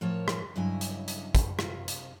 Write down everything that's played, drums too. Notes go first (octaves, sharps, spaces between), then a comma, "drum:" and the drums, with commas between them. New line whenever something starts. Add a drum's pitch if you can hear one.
A2 F3 A#4 C#5 A5
drum: rim click
G2 C#3 F#3 E4 D#5 G#5
drum: hi-hat
drum: hi-hat
drum: kick, hi-hat
C3 F4, drum: rim click
drum: hi-hat